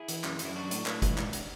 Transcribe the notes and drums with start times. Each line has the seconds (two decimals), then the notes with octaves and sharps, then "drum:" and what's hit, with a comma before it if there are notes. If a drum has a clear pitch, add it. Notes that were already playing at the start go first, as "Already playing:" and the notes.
Already playing: E4 G#4
0.08 E3, drum: hi-hat
0.24 F#2, drum: clap
0.39 F#2, drum: hi-hat
0.45 E4
0.55 F#3 D4 F#4
0.71 A2, drum: hi-hat
0.86 A2, drum: clap
1.02 E3, drum: kick, hi-hat
1.18 G#2, drum: clap
1.33 drum: hi-hat